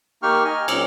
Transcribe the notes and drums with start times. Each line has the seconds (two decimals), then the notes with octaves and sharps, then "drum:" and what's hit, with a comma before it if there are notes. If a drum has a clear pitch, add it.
0.23 A#3 D#4 G4 G5 C#6 F6
0.45 D#5 G#5 F6
0.68 A#2 F#3 C4 C#4 D6 E6, drum: cymbal